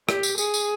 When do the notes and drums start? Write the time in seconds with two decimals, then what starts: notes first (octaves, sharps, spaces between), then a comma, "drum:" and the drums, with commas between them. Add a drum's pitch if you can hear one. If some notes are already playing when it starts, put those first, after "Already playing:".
0.09 G4, drum: rim click
0.23 drum: tambourine
0.38 G#4, drum: tambourine
0.54 drum: tambourine